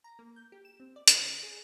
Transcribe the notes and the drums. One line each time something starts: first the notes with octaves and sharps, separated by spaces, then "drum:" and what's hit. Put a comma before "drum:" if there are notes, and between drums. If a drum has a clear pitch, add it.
A#5
A#3
G6
G4
E7
C4
D5
C#3, drum: hi-hat
A#6
G#4